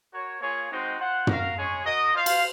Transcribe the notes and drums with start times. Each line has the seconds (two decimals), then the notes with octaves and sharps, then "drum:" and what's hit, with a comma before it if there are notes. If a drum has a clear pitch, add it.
0.12 F#4 A#4 C#5
0.41 A#3 F4 G#4 C#5
0.69 G#3 C4 D#4 F#4 C5
0.98 F4 C5 F#5
1.27 F#4 A#4 F5, drum: tom
1.56 G#3 C#4 G#4 C#5
1.84 F#4 A#4 D#5
2.13 F4 C5 F5
2.26 drum: cymbal